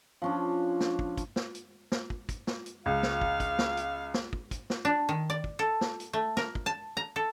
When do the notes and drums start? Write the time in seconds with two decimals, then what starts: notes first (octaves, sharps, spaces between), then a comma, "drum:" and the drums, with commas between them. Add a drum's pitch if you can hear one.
0.22 F3 C#4 D4
0.80 drum: snare
0.99 drum: kick
1.17 drum: kick, hi-hat
1.36 drum: snare
1.55 drum: hi-hat
1.92 drum: snare
2.10 drum: kick
2.29 drum: kick, hi-hat
2.47 drum: snare
2.66 drum: hi-hat
2.86 C#2 F5
3.03 drum: snare
3.22 drum: kick
3.40 drum: kick, hi-hat
3.59 drum: snare
3.77 drum: hi-hat
4.14 drum: snare
4.33 drum: kick
4.51 drum: kick, hi-hat
4.70 drum: snare
4.85 D4
5.09 D#3
5.30 D5
5.44 drum: kick
5.59 A4
5.81 drum: snare
6.00 drum: hi-hat
6.13 A3
6.37 A#4, drum: snare
6.55 drum: kick
6.66 A5
6.97 A#5
7.16 A4